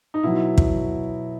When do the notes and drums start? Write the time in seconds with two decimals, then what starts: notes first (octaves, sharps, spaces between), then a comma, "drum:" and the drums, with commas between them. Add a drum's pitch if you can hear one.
0.14 D#4
0.23 B2 F#3 E4
0.58 drum: kick